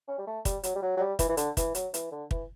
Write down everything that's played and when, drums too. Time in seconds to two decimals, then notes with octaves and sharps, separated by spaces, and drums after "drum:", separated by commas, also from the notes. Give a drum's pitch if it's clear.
0.08 C#4
0.18 G3
0.27 A3
0.45 G3, drum: kick, hi-hat
0.63 F#3, drum: hi-hat
0.75 G3
0.82 F#3
0.97 F#3
1.01 G3
1.19 E3, drum: kick, hi-hat
1.29 E3
1.37 D3, drum: hi-hat
1.57 E3, drum: kick, hi-hat
1.75 F#3, drum: hi-hat
1.94 E3, drum: hi-hat
2.12 D3
2.31 E3, drum: kick